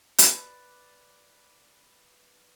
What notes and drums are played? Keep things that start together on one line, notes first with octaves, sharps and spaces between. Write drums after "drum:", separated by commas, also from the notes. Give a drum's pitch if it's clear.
B4 D5, drum: hi-hat